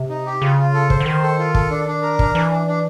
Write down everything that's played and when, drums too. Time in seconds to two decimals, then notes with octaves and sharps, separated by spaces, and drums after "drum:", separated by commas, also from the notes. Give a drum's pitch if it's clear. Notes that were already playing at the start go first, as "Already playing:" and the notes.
Already playing: C3
0.09 D#4
0.26 G4
0.42 C#3 F4
0.58 F4
0.74 A4
0.90 C5, drum: kick
1.00 D3
1.06 D#3 C5
1.22 A4
1.39 F4
1.54 A4, drum: kick
1.71 D4
1.87 D4
2.02 A#4
2.19 D4, drum: kick
2.35 E3 D4
2.51 D4
2.67 D4